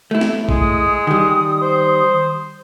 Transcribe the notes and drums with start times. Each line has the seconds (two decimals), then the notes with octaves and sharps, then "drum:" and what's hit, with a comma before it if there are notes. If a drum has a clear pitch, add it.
0.11 A3 E4
0.21 drum: snare
0.49 G#3 D#6, drum: kick A#1
1.07 D#3 G3
1.62 C5